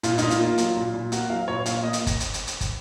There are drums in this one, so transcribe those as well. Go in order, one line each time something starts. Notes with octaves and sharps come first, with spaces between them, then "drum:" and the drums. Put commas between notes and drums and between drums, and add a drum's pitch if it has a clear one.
A#2 F4, drum: hi-hat
A#2 D#4, drum: hi-hat
F4, drum: hi-hat
A#3
F#3, drum: hi-hat
A#2
A#2
A#3 F#4, drum: hi-hat
F#3 F5
A#2 C#5
A#2 F5, drum: hi-hat
A#3 D#5
drum: hi-hat
drum: kick, hi-hat
drum: hi-hat
drum: hi-hat
drum: hi-hat
drum: kick, hi-hat